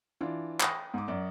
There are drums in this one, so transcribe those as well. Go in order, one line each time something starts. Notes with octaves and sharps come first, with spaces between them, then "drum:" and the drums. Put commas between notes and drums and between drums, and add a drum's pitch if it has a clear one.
E3 D4 F4
G5 B5 C#6 D#6 A#6, drum: clap
G#2 D6
F#2 D5